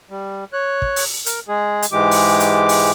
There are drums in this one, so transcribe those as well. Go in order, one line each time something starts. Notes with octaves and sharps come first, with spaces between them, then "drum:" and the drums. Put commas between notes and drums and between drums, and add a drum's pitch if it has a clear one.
G3
C#5 F#6
drum: kick
drum: open hi-hat
A#4, drum: hi-hat
G#3 G#4
drum: hi-hat
G#2 E3 G#3 G4 D6
drum: open hi-hat
drum: hi-hat
drum: open hi-hat